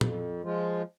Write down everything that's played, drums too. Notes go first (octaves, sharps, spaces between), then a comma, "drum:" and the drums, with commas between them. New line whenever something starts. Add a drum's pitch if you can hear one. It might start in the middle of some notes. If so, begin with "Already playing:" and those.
F2, drum: tom
F3 G#3 F4